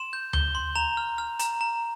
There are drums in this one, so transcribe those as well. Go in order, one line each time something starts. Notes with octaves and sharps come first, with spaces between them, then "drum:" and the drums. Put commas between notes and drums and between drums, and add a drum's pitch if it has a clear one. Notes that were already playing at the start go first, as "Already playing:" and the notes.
Already playing: C6 E7
G6
G6 G7, drum: tom D2
C6
A#5 F7
F6
F6
A#5, drum: hi-hat
A#5